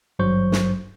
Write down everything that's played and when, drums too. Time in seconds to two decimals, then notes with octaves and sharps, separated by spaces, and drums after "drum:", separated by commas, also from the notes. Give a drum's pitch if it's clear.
0.19 G#1 G2 F#3 C5 C#6 G6
0.52 drum: snare